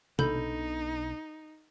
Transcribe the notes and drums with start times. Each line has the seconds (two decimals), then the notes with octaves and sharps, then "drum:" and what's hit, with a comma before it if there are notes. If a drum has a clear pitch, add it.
0.19 B1 B2 D4 D#4 A4 B5 G6, drum: tom